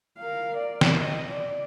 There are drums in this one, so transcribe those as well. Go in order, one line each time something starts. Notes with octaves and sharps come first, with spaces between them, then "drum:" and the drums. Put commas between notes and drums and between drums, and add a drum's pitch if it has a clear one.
A#4 F5
D5
drum: snare
D#5
D5